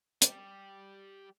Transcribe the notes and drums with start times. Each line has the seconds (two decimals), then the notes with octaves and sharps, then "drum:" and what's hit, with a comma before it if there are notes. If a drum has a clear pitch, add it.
0.22 G3 G4, drum: hi-hat